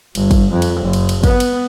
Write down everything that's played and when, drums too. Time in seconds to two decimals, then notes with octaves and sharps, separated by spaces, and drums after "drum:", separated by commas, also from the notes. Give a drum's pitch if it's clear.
0.15 G1, drum: cymbal
0.31 drum: kick, cymbal
0.52 F2
0.62 drum: cymbal
0.81 F#1
0.93 drum: cymbal
1.09 drum: cymbal
1.24 B3, drum: kick, cymbal
1.40 drum: cymbal